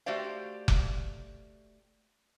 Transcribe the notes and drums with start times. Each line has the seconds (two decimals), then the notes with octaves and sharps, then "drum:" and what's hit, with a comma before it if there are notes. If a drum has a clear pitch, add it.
0.06 A3 F#4 G4 C5 D5 F5
0.68 drum: kick F1